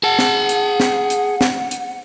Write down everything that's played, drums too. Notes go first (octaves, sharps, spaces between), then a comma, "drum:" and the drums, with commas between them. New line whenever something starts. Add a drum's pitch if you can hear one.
G#4 F#5 A5
drum: snare
drum: hi-hat
drum: snare
drum: hi-hat
drum: snare
drum: hi-hat